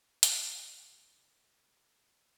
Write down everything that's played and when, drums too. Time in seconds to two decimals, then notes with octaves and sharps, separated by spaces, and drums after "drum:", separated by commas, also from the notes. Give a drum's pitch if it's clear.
0.23 B2 E3, drum: hi-hat